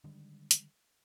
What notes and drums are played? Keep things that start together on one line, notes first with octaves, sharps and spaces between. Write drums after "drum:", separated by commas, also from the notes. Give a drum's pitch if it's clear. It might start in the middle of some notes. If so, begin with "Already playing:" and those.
D3 D#3 G3 G#3
drum: hi-hat